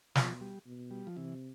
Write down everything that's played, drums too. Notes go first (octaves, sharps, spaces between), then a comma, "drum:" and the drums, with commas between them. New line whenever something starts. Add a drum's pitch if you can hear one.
B2 F3, drum: snare
G3
B2
G3
F3
C3 E3